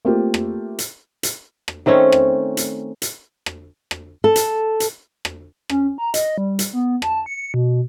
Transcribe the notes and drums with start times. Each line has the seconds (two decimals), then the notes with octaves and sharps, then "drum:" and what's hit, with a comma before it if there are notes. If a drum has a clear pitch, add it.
0.05 A3 A#3 C4 F4 G4
0.34 drum: rim click
0.79 drum: hi-hat
1.23 drum: hi-hat
1.68 drum: rim click
1.86 D#3 A3 C4 C#4
2.12 drum: rim click
2.57 drum: hi-hat
3.02 drum: hi-hat
3.46 drum: rim click
3.91 drum: rim click
4.24 A4
4.36 drum: hi-hat
4.80 drum: hi-hat
5.25 drum: rim click
5.69 C#4, drum: rim click
5.98 A#5
6.14 D#5, drum: hi-hat
6.38 G3
6.59 drum: hi-hat
6.73 B3
7.02 A5, drum: rim click
7.26 C#7
7.54 B2